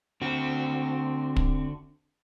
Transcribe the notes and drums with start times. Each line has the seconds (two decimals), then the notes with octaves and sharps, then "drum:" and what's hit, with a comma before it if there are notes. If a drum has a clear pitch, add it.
0.22 D3 C4 F#4
1.36 drum: kick